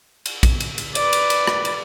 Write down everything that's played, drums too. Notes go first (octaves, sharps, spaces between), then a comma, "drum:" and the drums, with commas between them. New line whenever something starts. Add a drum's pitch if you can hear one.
drum: cymbal
drum: kick A#1, cymbal
drum: cymbal
drum: cymbal
B4 D5, drum: cymbal
drum: cymbal
drum: cymbal
drum: rim click
drum: cymbal